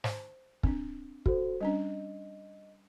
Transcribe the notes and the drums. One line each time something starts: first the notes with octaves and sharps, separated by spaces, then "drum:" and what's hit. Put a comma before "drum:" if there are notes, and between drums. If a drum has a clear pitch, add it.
C5, drum: snare
C4 D4, drum: kick
F#4 A4 C5, drum: kick
G3 C#4 D4 D#5